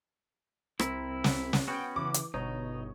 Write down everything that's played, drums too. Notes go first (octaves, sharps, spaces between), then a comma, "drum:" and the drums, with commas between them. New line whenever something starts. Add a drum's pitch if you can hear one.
C2 C4 E4 A#4, drum: rim click
drum: snare
drum: snare
B3 C#4 F#4 G5
C#3 E3 D6
drum: hi-hat
G1 B2 D#4 C#5